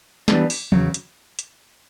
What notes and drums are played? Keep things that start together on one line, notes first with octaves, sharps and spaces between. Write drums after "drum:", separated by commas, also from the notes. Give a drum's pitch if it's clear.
E3 G3 B3 D4, drum: snare
drum: open hi-hat
E2 C#3 F#3, drum: tom
drum: hi-hat
drum: hi-hat